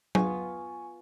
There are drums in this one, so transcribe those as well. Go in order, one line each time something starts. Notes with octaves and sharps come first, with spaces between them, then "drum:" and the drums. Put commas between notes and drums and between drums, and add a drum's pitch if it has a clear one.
B3 F4 G#5 C#6, drum: tom F#3